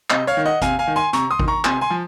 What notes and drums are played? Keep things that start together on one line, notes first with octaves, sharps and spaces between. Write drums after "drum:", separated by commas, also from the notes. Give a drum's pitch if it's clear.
C3 D#5, drum: clap
C#5 F5
D#3
D#5 F#5
C3 F5 G#5, drum: kick G#1, hi-hat
F5 G#5
D#3
G#5 C6
C3 A#5 C#6, drum: hi-hat
C6 D#6
D#3, drum: kick G#1
A#5 C#6
C3 G#5 C6, drum: clap
G#5 C6
F3